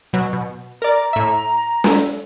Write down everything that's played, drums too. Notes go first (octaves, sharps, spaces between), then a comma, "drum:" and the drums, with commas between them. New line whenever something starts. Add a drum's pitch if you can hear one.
B2 F#3
B2
A#4 D5 A#5
A2 E5
drum: snare